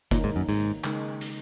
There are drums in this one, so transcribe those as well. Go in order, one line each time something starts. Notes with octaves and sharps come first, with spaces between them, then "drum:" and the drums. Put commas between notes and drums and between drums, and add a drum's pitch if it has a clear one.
A#2 D#3 A#3 D#4 A#4 C#5, drum: kick F#1, hi-hat
G#2
F#2
G#2, drum: hi-hat
C#3 G#3 D#4 A#4, drum: clap
drum: hi-hat